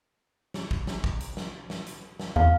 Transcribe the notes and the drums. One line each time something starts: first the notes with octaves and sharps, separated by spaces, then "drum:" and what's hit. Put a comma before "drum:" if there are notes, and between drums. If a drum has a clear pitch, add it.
drum: snare
drum: kick
drum: snare
drum: kick
drum: hi-hat
drum: snare
drum: snare
drum: hi-hat
drum: snare
E2 F5